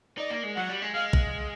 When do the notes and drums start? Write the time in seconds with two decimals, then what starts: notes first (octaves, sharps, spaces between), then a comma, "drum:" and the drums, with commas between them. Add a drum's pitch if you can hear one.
0.17 D#4 D5
0.30 A#3
0.43 G#3
0.56 F#3 F#5
0.69 G3
0.82 G#3
0.94 G#3 F5
1.13 drum: kick